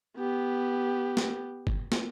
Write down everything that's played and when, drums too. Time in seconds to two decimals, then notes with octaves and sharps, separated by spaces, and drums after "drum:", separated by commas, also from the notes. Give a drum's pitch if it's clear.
0.17 B3 G4
1.17 drum: snare
1.67 drum: kick
1.92 drum: snare